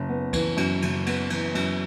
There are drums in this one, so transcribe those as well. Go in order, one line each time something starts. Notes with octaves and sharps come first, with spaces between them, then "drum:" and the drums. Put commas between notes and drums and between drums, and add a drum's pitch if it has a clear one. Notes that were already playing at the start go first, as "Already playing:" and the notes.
Already playing: F#1
B3
E3, drum: kick, cymbal
F#2, drum: cymbal
F#1, drum: cymbal
B3, drum: cymbal
E3, drum: cymbal
F#2, drum: cymbal